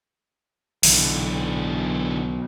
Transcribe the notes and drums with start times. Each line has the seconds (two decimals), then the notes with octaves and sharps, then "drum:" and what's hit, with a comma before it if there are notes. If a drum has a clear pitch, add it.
0.83 B1 D3 E3, drum: open hi-hat